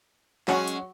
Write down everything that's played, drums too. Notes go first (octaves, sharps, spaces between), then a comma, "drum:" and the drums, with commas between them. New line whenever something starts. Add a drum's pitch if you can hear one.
F#3 G#3 C#4 F#4 F#5 C#6, drum: clap
drum: hi-hat